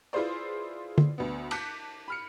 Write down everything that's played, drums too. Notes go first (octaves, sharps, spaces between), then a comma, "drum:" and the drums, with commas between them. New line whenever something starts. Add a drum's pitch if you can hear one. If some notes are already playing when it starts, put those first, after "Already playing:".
E4 F4 G#4 B4 C5 D5
drum: tom D3
D2 B3
A5 D6 F#6 G6 B6 C#7, drum: cymbal
B5 F6 C#7